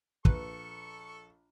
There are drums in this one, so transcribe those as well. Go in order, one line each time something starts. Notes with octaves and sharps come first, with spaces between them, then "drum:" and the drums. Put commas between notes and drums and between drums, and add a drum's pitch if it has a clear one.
A#1 A4 B4 C#6, drum: kick